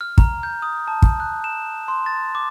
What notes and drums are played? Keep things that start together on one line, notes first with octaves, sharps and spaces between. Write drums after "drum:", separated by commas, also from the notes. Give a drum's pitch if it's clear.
F6
A#5, drum: kick
G6
D#6
A5
drum: kick
F#6
E7
C6
A6
D6